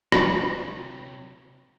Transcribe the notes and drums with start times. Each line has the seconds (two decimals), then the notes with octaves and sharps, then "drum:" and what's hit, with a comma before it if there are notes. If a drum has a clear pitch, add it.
0.12 C3 F#3, drum: rim click